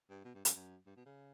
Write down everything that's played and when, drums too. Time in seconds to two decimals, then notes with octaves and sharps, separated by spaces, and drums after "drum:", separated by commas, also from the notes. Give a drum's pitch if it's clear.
0.09 G2
0.24 B2
0.34 G2
0.45 F#2, drum: hi-hat
0.55 F#2
0.86 G2
0.96 B2
1.06 C#3